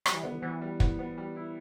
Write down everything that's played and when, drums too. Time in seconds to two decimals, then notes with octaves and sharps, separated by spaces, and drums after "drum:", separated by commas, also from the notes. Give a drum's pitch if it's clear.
0.06 F#3 G3, drum: rim click
0.14 E3
0.23 D3 B3
0.32 E3
0.42 E3 B3
0.61 G3
0.80 B3, drum: kick
0.99 B3
1.18 G3
1.36 E4